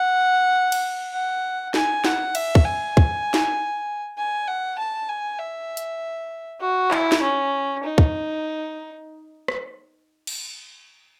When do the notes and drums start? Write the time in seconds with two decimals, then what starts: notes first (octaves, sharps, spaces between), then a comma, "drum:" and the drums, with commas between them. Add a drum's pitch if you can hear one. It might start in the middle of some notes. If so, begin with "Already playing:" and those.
Already playing: F#5
0.72 drum: cymbal
1.13 F#5
1.74 G#5, drum: snare
2.04 F#5, drum: snare
2.35 E5, drum: cymbal
2.55 drum: kick
2.65 G#5
2.97 drum: kick
3.34 drum: snare
4.18 G#5
4.48 F#5
4.79 A5
5.09 G#5
5.39 E5
5.77 drum: hi-hat
6.61 F#4
6.91 E4, drum: clap
7.12 drum: snare
7.22 C#4
7.83 D#4
7.98 drum: kick
9.48 drum: rim click
10.27 drum: cymbal